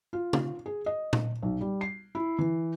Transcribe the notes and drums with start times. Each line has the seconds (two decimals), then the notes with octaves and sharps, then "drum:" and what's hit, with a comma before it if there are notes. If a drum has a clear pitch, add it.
0.13 F4
0.33 drum: tom C#3
0.66 G#4
0.86 D#5
1.13 drum: tom A#2
1.42 B1
1.61 G3
1.81 C7
2.15 E4
2.39 E3